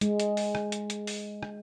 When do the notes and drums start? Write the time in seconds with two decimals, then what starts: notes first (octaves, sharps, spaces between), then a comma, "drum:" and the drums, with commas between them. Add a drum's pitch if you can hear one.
0.01 G#3, drum: hi-hat
0.20 drum: hi-hat
0.37 drum: open hi-hat
0.55 drum: rim click
0.72 drum: hi-hat
0.90 drum: hi-hat
1.07 drum: open hi-hat
1.43 drum: rim click